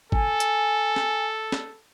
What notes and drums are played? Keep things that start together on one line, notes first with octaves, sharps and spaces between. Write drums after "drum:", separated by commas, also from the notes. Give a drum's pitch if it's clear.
A4 G#5, drum: kick
drum: hi-hat
drum: snare
drum: snare